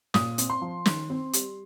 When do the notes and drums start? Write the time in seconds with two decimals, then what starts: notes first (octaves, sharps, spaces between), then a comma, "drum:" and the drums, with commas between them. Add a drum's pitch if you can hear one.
0.14 A#2 D#6, drum: snare
0.38 C4, drum: hi-hat
0.50 C6
0.62 F3
0.86 D#3, drum: snare
1.10 C4
1.33 G3, drum: hi-hat